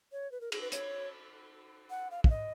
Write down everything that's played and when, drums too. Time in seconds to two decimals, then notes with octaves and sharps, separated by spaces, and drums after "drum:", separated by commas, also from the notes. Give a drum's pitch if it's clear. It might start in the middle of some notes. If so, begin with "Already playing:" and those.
0.12 C#5
0.32 B4
0.41 A#4
0.52 G#4, drum: cymbal
0.61 B4
0.72 C#5, drum: hi-hat
1.90 F#5
2.11 F5
2.24 F5, drum: kick
2.30 D#5